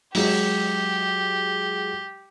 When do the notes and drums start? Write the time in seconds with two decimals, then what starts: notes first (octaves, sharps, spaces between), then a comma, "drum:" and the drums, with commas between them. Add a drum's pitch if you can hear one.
0.15 F#3 G#3 G4, drum: open hi-hat